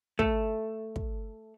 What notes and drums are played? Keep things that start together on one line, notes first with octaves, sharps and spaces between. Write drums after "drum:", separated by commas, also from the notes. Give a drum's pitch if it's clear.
A3, drum: kick
drum: kick